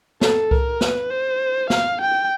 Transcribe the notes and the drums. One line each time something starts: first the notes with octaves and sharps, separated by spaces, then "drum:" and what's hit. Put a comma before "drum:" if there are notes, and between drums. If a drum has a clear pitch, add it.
A4, drum: snare B3
A#4, drum: kick C2
B4, drum: snare B3
C5
F5, drum: snare B3
G5